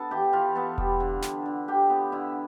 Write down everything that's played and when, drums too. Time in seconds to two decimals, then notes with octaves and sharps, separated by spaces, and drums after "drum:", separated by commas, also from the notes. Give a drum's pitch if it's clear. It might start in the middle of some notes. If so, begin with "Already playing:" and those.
Already playing: B3 D4 A4 A5
0.11 E3 G4 G5
0.33 E3 F4 F5
0.55 B3 A4 A5
0.78 G3, drum: kick E1
1.00 D3
1.23 D3, drum: snare
1.46 D3
1.68 D3 G4 G5
1.90 B3
2.12 D3 E4 E5